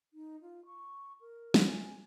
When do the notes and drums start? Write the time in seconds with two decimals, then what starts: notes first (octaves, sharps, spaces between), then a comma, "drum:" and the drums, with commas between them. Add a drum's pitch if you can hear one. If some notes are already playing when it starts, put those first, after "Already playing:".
0.14 D#4
0.41 F4
0.65 C#6
1.21 A#4
1.54 drum: snare
1.65 G#5